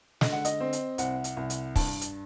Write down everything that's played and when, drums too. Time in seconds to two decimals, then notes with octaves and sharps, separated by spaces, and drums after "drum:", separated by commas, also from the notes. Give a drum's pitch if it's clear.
0.21 D3 D#5, drum: snare
0.32 F#5
0.45 D#5, drum: hi-hat
0.60 C4
0.73 drum: hi-hat
0.98 C2 F#5, drum: hi-hat
1.24 drum: hi-hat
1.37 C2
1.50 drum: hi-hat
1.76 G2 A5, drum: kick, open hi-hat
2.01 drum: hi-hat